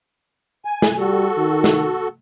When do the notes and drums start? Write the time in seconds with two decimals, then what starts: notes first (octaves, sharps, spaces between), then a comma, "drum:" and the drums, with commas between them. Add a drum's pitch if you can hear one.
0.65 G#5
0.82 drum: snare
0.98 G3 F#4 A4
1.37 D#3
1.64 drum: snare